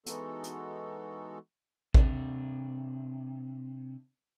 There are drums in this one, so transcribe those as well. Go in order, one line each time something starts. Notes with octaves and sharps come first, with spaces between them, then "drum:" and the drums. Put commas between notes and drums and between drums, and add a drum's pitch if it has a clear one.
E3 G#3 B3 D#4 F#4 A4, drum: hi-hat
drum: hi-hat
C3 D4, drum: kick